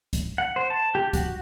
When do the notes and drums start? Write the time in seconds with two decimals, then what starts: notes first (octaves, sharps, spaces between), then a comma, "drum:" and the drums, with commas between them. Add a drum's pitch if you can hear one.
0.13 drum: kick, hi-hat
0.38 F#5
0.56 C5
0.70 A5
0.95 G4
1.13 F#4, drum: kick, hi-hat